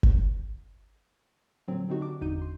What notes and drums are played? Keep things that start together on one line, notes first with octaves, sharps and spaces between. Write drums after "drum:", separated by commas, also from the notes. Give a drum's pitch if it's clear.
drum: kick
A#2 D3 F#3 C4
D3 C4 D#4 F#4 G4
D4 D6
G1 E2 D#4 F#4 G6 D#7
C6